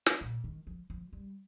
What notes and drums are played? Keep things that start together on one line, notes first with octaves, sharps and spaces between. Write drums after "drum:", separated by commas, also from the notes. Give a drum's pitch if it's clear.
drum: snare
A#2
D#3
F3
F3
G3